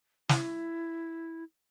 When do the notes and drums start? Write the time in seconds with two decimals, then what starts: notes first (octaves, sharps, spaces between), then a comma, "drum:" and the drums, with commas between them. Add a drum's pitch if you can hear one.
0.29 E4, drum: snare